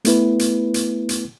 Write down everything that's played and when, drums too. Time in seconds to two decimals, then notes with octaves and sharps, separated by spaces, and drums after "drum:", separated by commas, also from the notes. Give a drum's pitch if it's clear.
0.05 A3 B3 E4 B4, drum: hi-hat
0.39 drum: hi-hat
0.74 drum: hi-hat
1.09 drum: hi-hat